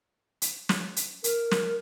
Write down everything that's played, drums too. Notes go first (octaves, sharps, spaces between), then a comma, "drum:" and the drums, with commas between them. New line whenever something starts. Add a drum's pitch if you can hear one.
drum: hi-hat
drum: snare
drum: hi-hat
A#4, drum: hi-hat
drum: snare